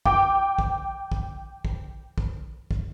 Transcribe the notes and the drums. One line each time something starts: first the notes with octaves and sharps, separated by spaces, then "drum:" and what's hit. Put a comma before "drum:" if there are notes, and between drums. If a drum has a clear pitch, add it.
G5 D6, drum: kick
drum: kick
drum: kick
drum: kick
drum: kick
drum: kick